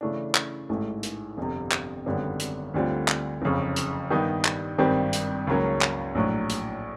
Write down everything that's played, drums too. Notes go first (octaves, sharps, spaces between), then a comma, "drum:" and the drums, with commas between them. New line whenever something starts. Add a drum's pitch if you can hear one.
C#3 E3 A3 D4
drum: clap
A1 G#2 E3 A3
drum: hi-hat
G1 F2 C3
drum: clap
G#1 F#2 D3 G3 B3
drum: hi-hat
D2 D3 G3 C4 F4
drum: clap
F#1 F2 C#3
drum: hi-hat
G2 D#3 G3 B3 D#4
drum: clap
G#1 G2 D#3 G3 C4
drum: hi-hat
C#2 C#3 F#3 A#3 C#4
drum: clap
A#1 A2 F#3
drum: hi-hat